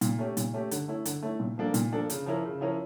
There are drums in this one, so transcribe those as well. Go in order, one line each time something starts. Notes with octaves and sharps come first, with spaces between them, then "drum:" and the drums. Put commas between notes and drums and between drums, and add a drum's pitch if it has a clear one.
A#2, drum: hi-hat
A3 C#4 G4
A#2, drum: hi-hat
A3 C#4 G4
D3, drum: hi-hat
A3 C#4 E4
D3, drum: hi-hat
A3 C#4 E4
A#2
F3 A#3 D4 A4
A#2, drum: hi-hat
F3 A#3 D4 A4
C#3, drum: hi-hat
F3 C#4 E4 A#4
C#3
F3 C#4 E4 A#4